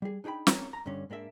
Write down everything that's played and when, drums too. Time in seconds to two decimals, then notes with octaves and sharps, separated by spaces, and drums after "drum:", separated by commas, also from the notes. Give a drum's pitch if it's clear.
0.02 G3 G#4
0.24 D4 D#4 G#4 G5 B5
0.47 C4 C#4 A#5, drum: snare
0.73 A#5
0.86 G2 D3 C#4
1.10 G#2 A#3 D4 E5